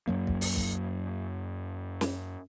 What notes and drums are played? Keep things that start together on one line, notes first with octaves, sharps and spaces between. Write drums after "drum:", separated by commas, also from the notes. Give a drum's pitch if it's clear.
F#2 F#3 A#3
drum: kick
drum: open hi-hat
drum: kick
drum: snare